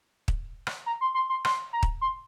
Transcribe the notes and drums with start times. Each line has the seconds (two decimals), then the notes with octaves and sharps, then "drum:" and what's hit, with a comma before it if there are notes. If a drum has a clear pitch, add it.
0.28 drum: kick
0.67 drum: rim click
0.86 A#5
1.01 C6
1.14 C6
1.30 C6
1.45 C6, drum: rim click
1.73 A#5
1.83 drum: kick
2.01 C6